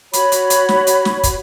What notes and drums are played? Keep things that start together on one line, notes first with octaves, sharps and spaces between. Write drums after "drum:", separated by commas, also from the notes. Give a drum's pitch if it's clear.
F#4 C#5 B5, drum: hi-hat
drum: hi-hat
drum: hi-hat
drum: snare
drum: hi-hat
drum: snare
drum: kick, hi-hat